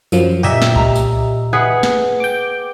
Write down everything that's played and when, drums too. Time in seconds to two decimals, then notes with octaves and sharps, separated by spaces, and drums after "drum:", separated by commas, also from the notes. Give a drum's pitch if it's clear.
0.12 F#2 F3 F#3, drum: tambourine
0.43 A#2 G4 D#5 E5
0.62 drum: snare
0.76 A#5, drum: kick C2
0.96 drum: tambourine
1.53 G#4 B4 F#5
1.83 drum: snare
2.20 G5 D6